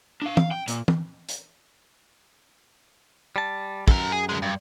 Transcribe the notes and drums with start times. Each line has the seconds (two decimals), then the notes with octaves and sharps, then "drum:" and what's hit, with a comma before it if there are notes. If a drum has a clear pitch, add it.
0.22 D4 F5
0.37 F5, drum: tom
0.51 G5
0.68 A#2, drum: hi-hat
0.88 drum: tom
1.29 drum: hi-hat
3.36 G3 A5
3.88 F#2 A4 A#5, drum: kick
4.12 G#4
4.29 D2 G#3
4.42 G2